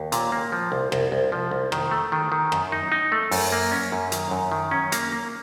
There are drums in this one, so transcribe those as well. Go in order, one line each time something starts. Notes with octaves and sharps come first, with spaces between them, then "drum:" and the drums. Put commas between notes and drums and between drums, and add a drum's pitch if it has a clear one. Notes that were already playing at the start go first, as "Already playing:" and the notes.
Already playing: D#2
A#2, drum: hi-hat
A#3
F3
C2
C2, drum: rim click
C2
F3
C2
D#3, drum: rim click
A3
D#3
D#3
F#2, drum: rim click
D#4
D#4
A3
F#2, drum: open hi-hat
A#3
C#4
F#2
D#3, drum: hi-hat
F#2
D#3
C#4
A#3, drum: hi-hat
A#3